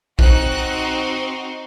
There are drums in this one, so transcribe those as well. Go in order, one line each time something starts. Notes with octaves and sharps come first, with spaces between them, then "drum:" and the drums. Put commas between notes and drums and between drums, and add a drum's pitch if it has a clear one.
C4 D#4 F#4 F#6, drum: kick